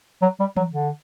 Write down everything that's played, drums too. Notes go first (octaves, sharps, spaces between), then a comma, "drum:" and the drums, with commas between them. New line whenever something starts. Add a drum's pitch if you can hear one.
F#3
G3
F#3, drum: tom E3
D3